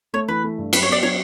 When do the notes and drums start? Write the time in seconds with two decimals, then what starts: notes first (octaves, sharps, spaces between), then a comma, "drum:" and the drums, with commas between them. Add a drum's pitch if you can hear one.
0.13 A3 C#5
0.28 E3 B4
0.44 A3
0.58 G2
0.73 F#3 B4, drum: cymbal
0.83 C#5
0.88 B3 D5
1.03 F#3 C#5